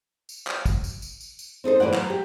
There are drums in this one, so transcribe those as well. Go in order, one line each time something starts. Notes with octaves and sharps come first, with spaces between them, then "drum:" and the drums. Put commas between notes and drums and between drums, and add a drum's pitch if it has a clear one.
drum: tambourine
drum: clap
drum: kick, tambourine
drum: tambourine
drum: tambourine
drum: tambourine
drum: tambourine
C4 D#4 A4 C5
A2 E3 A#3 D5 F#5
F#3, drum: clap
G4